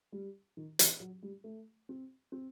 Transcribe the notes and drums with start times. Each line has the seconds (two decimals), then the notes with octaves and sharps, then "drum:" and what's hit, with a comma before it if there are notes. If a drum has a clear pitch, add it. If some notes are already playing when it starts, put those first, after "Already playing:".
0.12 G3
0.57 D#3
0.79 E3, drum: hi-hat
1.00 F#3
1.22 G3
1.44 A3
1.89 C4
2.32 C4